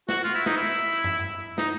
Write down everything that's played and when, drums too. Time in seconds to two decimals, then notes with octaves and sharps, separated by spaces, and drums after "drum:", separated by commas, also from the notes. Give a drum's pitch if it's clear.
0.09 F#4, drum: snare
0.24 F4
0.35 E4
0.46 D#4, drum: snare
0.57 E4
1.04 drum: tom F#2
1.58 D#4, drum: snare